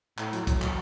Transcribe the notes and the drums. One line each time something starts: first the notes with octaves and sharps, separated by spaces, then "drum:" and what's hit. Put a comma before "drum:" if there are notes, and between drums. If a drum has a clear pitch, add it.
A2, drum: clap
F#3, drum: hi-hat
drum: kick, hi-hat
drum: clap